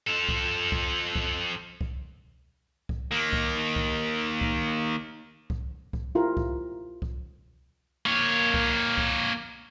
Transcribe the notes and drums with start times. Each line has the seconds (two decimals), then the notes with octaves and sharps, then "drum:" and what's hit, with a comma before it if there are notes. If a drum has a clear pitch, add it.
0.07 F3 A4
0.29 drum: kick C2
0.72 drum: kick C2
1.16 drum: kick C2
1.81 drum: kick C2
2.89 drum: kick C2
3.11 D#3 A#3
3.33 drum: kick C2
3.76 drum: kick C2
4.41 drum: kick C2
5.50 drum: kick C2
5.93 drum: kick C2
6.15 E4 F4 G4 A#4
6.37 drum: kick C2
7.02 drum: kick C2
8.06 A#3 C#5
8.54 drum: kick C2
8.97 drum: kick C2